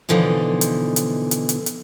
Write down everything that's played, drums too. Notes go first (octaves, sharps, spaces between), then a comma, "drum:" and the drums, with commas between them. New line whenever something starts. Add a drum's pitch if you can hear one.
B2 D3 E3 F3 D#4
drum: hi-hat
drum: hi-hat
drum: hi-hat
drum: hi-hat
drum: hi-hat